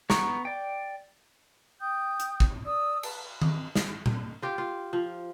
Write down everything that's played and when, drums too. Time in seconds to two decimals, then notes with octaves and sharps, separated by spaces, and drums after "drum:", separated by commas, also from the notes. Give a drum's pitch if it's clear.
0.10 B3 A#5 C#6, drum: snare
0.45 D5 G5
1.81 G5 D#6 G6
2.20 drum: hi-hat
2.40 drum: kick
2.65 D5 D#6 E6
3.03 B4 A5, drum: cymbal
3.42 drum: tom D#3
3.76 drum: snare
4.06 drum: tom A#2
4.42 F4 G4
4.58 F4
4.93 F3